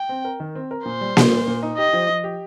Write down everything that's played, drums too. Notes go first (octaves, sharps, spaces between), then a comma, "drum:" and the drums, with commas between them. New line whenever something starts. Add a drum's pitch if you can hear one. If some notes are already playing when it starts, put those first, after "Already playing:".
Already playing: G5
C4
A#4
D#3
C4
A#4
A#2 C5
G3
G3, drum: snare A#3
A#2
A#2
D#4
G4 D#5
F3
F3
G4